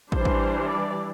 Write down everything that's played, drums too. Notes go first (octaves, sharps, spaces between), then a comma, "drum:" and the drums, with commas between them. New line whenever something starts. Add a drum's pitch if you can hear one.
E3 G3 D4 C5, drum: kick
drum: kick
D5